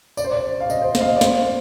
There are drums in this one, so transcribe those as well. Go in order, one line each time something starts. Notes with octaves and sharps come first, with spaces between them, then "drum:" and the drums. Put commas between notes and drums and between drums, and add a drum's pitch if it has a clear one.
D5, drum: tambourine
C5
D5
F5
D#5, drum: tambourine
C5
D#5, drum: snare
F5
D#5
D5
C5, drum: snare